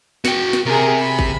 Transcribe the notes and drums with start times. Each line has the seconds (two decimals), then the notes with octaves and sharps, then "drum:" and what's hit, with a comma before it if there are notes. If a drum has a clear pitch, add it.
0.25 F#4 G5, drum: snare
0.53 drum: snare
0.66 C3 G#4 A#4
0.98 B5
1.19 drum: kick